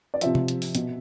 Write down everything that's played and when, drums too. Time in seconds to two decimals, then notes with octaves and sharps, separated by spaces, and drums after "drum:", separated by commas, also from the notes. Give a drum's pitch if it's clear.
0.14 D5
0.21 C3 F3 E5, drum: hi-hat
0.35 drum: tom C3
0.48 drum: hi-hat
0.62 drum: open hi-hat
0.75 B2, drum: hi-hat